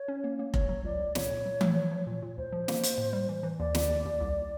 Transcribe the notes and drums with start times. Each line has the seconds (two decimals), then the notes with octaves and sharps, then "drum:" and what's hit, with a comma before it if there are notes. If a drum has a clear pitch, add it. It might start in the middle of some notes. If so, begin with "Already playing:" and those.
Already playing: C#5
0.08 C#4
0.24 A#3
0.39 A#3
0.54 C#2 C#5, drum: kick F1
0.69 F#3
0.84 C#2 D5
1.00 C#2
1.15 A#2 C#5, drum: snare
1.30 A#2
1.46 F#3
1.61 A3, drum: tom E3
1.76 F3
1.91 F3
2.07 A#2
2.22 A#2
2.38 D2 C5
2.52 F3
2.68 A#3, drum: snare
2.83 A#3, drum: hi-hat
2.98 A2
3.13 G3
3.29 E3
3.43 E3
3.59 D#2 D5
3.75 D#3, drum: snare
3.90 D#2
4.05 D#2
4.21 C2